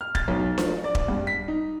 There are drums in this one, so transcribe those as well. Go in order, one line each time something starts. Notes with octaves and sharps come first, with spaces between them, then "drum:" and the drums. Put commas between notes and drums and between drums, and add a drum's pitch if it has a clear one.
F6
A6, drum: kick
B1
F3, drum: snare D4
D5
drum: kick
G2
B6
D#4